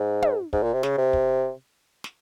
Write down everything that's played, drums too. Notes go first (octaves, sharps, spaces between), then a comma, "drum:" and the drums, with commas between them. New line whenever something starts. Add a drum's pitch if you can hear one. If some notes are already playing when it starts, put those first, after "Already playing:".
Already playing: G#2
drum: tom
G#2, drum: kick
A#2
C3
C#3, drum: snare
C3
drum: kick
drum: snare